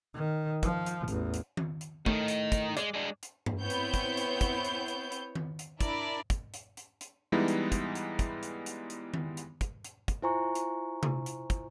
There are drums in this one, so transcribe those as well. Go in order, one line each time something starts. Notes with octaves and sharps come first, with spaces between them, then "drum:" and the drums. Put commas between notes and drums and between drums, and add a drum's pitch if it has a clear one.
D#3
F3, drum: kick, hi-hat
drum: hi-hat
A1 E2, drum: hi-hat
drum: hi-hat
drum: tom D#3
drum: hi-hat
A2 D#3 D#4, drum: kick
drum: hi-hat
drum: kick, hi-hat
G#3 D5, drum: hi-hat
G#3 D4
drum: hi-hat
drum: tom G2
B3 C4 E4 C#5 G6
drum: hi-hat
drum: kick, hi-hat
drum: hi-hat
drum: kick, hi-hat
drum: hi-hat
drum: hi-hat
drum: hi-hat
drum: tom D#3
drum: hi-hat
D4 E4 A#4 D5, drum: kick, hi-hat
drum: kick, hi-hat
drum: hi-hat
drum: hi-hat
drum: hi-hat
E3 G3 G#3 B3 D#4 E4
drum: hi-hat
drum: kick, hi-hat
drum: hi-hat
drum: kick, hi-hat
drum: hi-hat
drum: hi-hat
drum: hi-hat
drum: tom D#3
drum: hi-hat
drum: kick, hi-hat
drum: hi-hat
drum: kick, hi-hat
E4 F4 C5 G#5 A#5 C#6
drum: hi-hat
drum: tom C3
drum: hi-hat
drum: kick, hi-hat